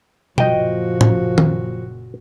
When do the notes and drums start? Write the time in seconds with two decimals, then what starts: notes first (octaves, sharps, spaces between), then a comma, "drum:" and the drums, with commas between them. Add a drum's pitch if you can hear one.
0.38 F#1 A#2 F3 F#4 D#5 G5, drum: tom B2
1.01 drum: tom
1.38 drum: tom D#3